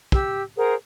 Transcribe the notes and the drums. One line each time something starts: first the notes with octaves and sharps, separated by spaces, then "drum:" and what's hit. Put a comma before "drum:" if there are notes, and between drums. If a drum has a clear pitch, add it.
G4 E6, drum: kick
G#4 A#4 C5 F#5